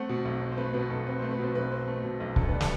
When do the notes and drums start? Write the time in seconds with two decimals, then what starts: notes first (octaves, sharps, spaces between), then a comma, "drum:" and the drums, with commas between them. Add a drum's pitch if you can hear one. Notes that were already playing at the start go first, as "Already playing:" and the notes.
Already playing: A3 C4 F#5
0.09 B2
0.25 B1
0.41 C4
0.52 C5
0.58 A3 B4
0.74 B2 B4
0.90 B1 A4
1.07 C4 B4
1.19 A3 C5
1.31 B4
1.39 B2 C5
1.55 B1 B4
1.72 C4 C5
1.88 A3
2.04 B2
2.20 B1
2.36 D2 A4, drum: kick C#1
2.49 G3 B4
2.61 A4, drum: snare